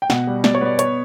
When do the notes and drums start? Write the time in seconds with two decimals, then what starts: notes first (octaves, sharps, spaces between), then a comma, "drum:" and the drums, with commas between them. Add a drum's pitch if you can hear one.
0.02 G5
0.10 B2 F#5, drum: snare
0.27 G3
0.44 B2 D5, drum: snare
0.55 C#5
0.61 B3 D5
0.79 C#5, drum: hi-hat